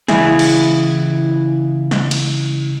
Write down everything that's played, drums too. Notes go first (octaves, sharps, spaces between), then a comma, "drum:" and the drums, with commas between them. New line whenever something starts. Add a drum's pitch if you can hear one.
C#2 E3 E4 G#4, drum: snare
drum: cymbal
drum: snare
drum: cymbal